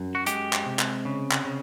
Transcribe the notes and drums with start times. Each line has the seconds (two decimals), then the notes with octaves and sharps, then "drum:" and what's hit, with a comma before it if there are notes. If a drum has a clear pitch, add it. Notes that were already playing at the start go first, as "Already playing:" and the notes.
Already playing: F#2
0.15 F#4
0.26 G#3 G4, drum: hi-hat
0.53 drum: clap
0.66 C3
0.79 drum: clap
1.05 C#3
1.31 drum: clap
1.45 C#3